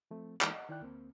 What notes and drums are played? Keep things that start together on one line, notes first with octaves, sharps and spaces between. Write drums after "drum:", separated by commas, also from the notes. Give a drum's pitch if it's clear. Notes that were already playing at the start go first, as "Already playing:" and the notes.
F3 A3 C4
E3 G#3 A#3 D#4, drum: clap
D#5 F#5
D#3 E4 D5 G5 F#6
D2 A#3 C4